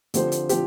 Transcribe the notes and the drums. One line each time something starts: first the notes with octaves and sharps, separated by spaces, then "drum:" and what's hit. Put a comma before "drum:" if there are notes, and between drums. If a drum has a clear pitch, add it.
D3 F3 C4 G4 C5, drum: hi-hat
drum: hi-hat
F3 C4 G4 C5, drum: hi-hat